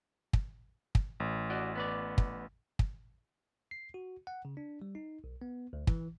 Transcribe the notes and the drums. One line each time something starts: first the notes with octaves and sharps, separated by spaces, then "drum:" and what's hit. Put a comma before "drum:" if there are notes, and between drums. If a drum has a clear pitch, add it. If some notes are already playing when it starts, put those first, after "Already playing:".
drum: kick
drum: kick
A1
F#4 D5 D#5
B3 B4 D5
drum: kick
drum: kick
C7
F#4
F#5
C#3
D4
G3
D#4
B1
B3
D2
E3, drum: kick